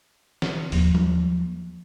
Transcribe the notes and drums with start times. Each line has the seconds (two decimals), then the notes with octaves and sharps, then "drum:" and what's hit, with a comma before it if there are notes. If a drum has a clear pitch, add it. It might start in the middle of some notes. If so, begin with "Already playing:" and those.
0.42 drum: snare
0.72 D#2 F3, drum: open hi-hat
0.95 drum: tom F#3